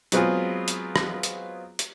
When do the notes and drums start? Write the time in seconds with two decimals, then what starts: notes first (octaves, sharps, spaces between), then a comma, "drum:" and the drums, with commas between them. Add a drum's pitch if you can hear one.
0.12 F#3 G#3 B3 C4 F4 G#4, drum: hi-hat
0.68 drum: hi-hat
0.96 drum: rim click
1.23 drum: hi-hat
1.79 drum: hi-hat